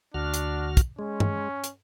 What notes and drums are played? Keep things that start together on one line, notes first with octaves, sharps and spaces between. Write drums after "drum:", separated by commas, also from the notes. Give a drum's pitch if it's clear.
D2 D4 F#4 F6
drum: hi-hat
drum: kick, hi-hat
G#3 C#4
drum: tom G2
drum: hi-hat